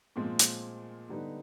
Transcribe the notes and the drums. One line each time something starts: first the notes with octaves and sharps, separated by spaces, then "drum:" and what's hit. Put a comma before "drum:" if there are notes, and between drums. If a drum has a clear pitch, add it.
A#2 F3 G#3 C4
drum: hi-hat
D3 G3 B3 D#4